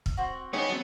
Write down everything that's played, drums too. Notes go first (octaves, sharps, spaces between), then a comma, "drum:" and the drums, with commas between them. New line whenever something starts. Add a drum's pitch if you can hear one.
F6, drum: kick
C4 F#4
B3 D#4 G4 G#4 C#5
F#3 C4 A5